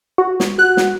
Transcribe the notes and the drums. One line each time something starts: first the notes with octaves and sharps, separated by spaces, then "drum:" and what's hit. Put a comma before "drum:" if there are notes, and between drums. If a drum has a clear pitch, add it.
F#4
drum: snare
F#4 F#6
drum: snare